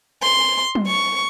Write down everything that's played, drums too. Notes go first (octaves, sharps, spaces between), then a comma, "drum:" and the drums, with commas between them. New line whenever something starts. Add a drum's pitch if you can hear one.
C6
drum: tom F#3
C#6